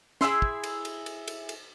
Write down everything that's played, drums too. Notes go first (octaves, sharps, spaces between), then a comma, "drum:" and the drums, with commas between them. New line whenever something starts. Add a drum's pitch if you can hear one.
E4 G#4 E5 C6, drum: snare C#4
drum: kick
drum: cymbal
drum: cymbal
drum: cymbal
drum: cymbal
drum: cymbal